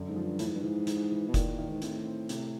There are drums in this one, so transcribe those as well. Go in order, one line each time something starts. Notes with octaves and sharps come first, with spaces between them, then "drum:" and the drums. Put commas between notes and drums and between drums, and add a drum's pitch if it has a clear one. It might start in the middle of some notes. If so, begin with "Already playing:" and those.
Already playing: F#2 D3
G#2
F3
G2
A2 E3, drum: hi-hat
G#2
G2
G#2 E3
E3, drum: hi-hat
E3
B2
A#2 D#3, drum: kick F1, hi-hat
D#3
G#2
A2 C4, drum: hi-hat
C4
C3, drum: hi-hat